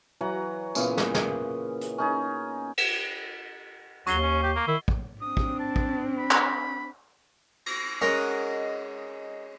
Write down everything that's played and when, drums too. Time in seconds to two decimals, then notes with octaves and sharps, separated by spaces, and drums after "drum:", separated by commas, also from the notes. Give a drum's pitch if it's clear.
0.21 E3 F#3 F#5 A#5
0.75 A#2 C#3 E3 B3, drum: tambourine
0.97 drum: snare
1.14 drum: snare
1.81 drum: hi-hat
1.98 C#4 D#4 G#4
2.77 drum: cymbal
4.07 D#2 F#3 C#6 C7 G7, drum: hi-hat
4.22 C#4
4.43 G4
4.56 A#3
4.68 D#3 E4
4.88 drum: kick
5.21 C4 D4 D#6
5.37 drum: kick
5.60 A5
5.76 drum: kick
6.18 B5
6.31 drum: clap
7.66 drum: cymbal
8.01 G#3 C#4 A#4 D#5 F#5